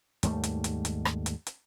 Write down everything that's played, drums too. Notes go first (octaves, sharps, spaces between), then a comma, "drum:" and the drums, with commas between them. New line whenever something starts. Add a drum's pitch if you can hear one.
D#2 G#2 G3 A3, drum: hi-hat
drum: hi-hat
drum: hi-hat
drum: hi-hat
drum: rim click
drum: hi-hat
drum: hi-hat